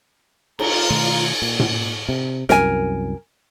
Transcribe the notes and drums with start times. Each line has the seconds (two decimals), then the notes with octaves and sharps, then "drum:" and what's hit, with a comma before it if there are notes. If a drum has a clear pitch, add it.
0.59 F4 A#5, drum: cymbal
0.90 B2 D#3 A3
1.42 A#2
1.60 drum: tom A2
2.09 C3
2.49 C2 F#2 A#4 G#5, drum: snare